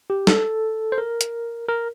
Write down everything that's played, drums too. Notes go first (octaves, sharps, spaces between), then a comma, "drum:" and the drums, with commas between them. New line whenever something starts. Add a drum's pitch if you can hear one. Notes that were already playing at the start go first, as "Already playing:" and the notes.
G4
A4, drum: snare
C5
A#4
drum: hi-hat
A#4